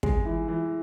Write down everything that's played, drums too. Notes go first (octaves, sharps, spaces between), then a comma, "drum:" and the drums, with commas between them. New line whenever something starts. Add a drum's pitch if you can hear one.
G#3, drum: kick
E3
E3